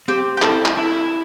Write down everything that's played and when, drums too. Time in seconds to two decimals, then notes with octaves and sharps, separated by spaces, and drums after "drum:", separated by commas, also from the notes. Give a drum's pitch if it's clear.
0.08 C4 G4
0.37 G4
0.42 E4 A4, drum: clap
0.65 drum: clap
0.77 E4